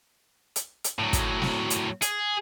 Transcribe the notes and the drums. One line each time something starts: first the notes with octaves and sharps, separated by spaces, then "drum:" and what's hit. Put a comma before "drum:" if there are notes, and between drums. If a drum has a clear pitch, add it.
drum: hi-hat
drum: hi-hat
A2 F#3
drum: kick, hi-hat
drum: snare
drum: hi-hat
G#4, drum: hi-hat